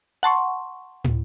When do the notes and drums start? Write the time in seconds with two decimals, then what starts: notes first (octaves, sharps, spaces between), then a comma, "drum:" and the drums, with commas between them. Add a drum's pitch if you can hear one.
0.23 F#5 A5 C6 C#6
1.04 drum: tom